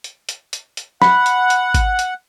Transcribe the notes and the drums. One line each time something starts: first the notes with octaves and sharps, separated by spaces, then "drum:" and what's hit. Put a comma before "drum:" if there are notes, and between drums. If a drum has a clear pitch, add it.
drum: hi-hat
drum: hi-hat
drum: hi-hat
drum: hi-hat
F#5 B5, drum: snare
drum: hi-hat
drum: hi-hat
drum: kick G#1, hi-hat
drum: hi-hat